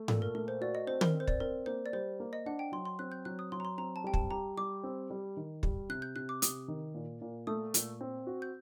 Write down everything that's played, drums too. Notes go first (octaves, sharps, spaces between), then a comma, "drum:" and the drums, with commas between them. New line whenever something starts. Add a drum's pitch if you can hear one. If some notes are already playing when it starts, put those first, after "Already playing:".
Already playing: A3
A#2 A4, drum: tom G#2
A#4
A3 A#4
C5
F#4 D5
D#5
C4 C5
A#4, drum: tom
C4
C5
D5, drum: kick
C4 A#4
A#3 C5
D5
G3 C5
A#3
D#5
D4 F#5
G5
F#3 C6
C6
C4 F#6
G6
F#3 F#6
D#6
F#3 C6
A#5
C6
C4 A#5
A5
G3 G5
A5, drum: kick
G4 A#5
G3 D6
C4
G3
D#3
G3, drum: kick
C3 F#6
G6
C3 F#6
D6
C3 D#6, drum: hi-hat
D#3
A#2
A#2
A3 D#6
A#2, drum: hi-hat
C4
F#4
G6